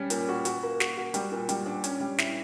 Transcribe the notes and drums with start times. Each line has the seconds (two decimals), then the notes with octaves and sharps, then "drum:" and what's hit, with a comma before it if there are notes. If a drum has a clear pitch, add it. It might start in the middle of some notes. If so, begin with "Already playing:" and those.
Already playing: G3 C#4
0.10 A#2, drum: hi-hat
0.29 F#4
0.45 F#4, drum: hi-hat
0.63 A#3
0.80 F#4, drum: snare
0.97 F#4
1.14 G3, drum: hi-hat
1.32 A#2
1.49 G3, drum: hi-hat
1.66 D4
1.84 C#4, drum: hi-hat
2.00 G3
2.18 E4, drum: snare